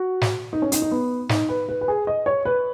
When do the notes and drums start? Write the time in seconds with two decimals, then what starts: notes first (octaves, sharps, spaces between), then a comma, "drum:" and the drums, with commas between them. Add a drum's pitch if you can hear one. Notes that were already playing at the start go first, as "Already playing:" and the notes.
Already playing: F#4
0.21 drum: snare
0.53 D#4
0.62 C#4
0.72 D#4, drum: hi-hat
0.82 D#4
0.91 B3
1.29 D#4, drum: snare
1.49 B4
1.69 B4
1.81 B4
1.88 G#4
2.07 D#5
2.26 C#5
2.45 B4